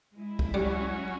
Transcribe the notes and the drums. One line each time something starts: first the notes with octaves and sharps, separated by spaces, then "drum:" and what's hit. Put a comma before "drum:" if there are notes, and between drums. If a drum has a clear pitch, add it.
G#3 E4
drum: kick C#2
F#3 G3 C#4